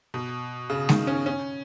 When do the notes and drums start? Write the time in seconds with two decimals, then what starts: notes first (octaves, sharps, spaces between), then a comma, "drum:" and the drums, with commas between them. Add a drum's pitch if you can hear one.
0.14 B2
0.70 C#3
0.89 D#3, drum: snare G#3
1.07 C#4
1.26 C#4